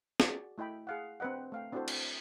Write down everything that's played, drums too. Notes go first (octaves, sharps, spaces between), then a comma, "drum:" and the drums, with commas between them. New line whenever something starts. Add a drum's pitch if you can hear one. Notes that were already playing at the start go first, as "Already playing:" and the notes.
F#4 G#4 D5, drum: snare
A3 E4 D#5 G5 B5
G#4 F5 F#5
C4 D4 B4 D#5 F#5
A3 F5 G5
C4 D4 E4 F#4 A4 C5
drum: cymbal